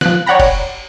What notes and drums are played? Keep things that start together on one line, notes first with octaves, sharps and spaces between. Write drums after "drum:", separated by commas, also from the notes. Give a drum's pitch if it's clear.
F3 F#6, drum: snare
C#5 D5 F#5 G5 A#5 B5
drum: kick F1, cymbal